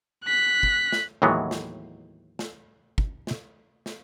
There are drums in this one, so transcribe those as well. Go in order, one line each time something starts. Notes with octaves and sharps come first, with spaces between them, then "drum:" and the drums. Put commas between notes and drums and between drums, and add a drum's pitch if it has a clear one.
F#6 B6
drum: kick
drum: snare
D#2 A2 E3 F#3 G#3 B3
drum: snare
drum: snare
drum: kick
drum: snare
drum: snare